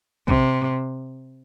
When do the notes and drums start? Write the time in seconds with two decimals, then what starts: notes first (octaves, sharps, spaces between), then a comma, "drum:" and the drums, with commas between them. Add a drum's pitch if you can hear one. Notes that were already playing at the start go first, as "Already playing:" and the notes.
0.28 C3, drum: kick